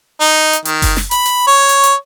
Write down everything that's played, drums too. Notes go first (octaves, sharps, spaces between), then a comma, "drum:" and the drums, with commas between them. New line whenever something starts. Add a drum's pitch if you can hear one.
D#4
drum: hi-hat
D#3, drum: hi-hat
drum: kick F#1, open hi-hat
drum: snare
B5, drum: hi-hat
drum: hi-hat
C#5
drum: hi-hat
drum: hi-hat